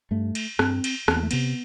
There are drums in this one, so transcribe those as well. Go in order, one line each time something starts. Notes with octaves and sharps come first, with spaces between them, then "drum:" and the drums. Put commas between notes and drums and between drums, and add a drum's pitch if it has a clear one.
G2 A3
drum: cymbal
G2 C4, drum: rim click
drum: cymbal
E2 C4, drum: rim click
B3
A3
C3 B3, drum: cymbal